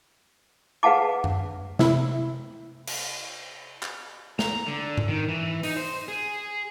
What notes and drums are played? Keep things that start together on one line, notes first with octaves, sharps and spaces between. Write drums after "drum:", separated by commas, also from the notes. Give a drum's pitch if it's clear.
G#4 B4 F5 F#5 A5 D6
drum: tom F#2
C3 E4, drum: snare
drum: cymbal
drum: clap
A#5, drum: snare
D3
drum: tom G#2
D#3
E3
D#4, drum: open hi-hat
C5
G#4